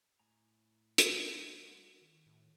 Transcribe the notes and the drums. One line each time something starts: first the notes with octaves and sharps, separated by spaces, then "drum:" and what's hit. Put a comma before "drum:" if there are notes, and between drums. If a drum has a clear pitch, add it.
A2 G#5 A#5
drum: hi-hat
G3 A3
F#4
D#3
A2